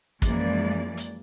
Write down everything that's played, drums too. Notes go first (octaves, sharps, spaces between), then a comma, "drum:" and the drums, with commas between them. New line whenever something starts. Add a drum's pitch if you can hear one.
F#2 E3 F3 G#3 A#3 D5, drum: kick, hi-hat
drum: hi-hat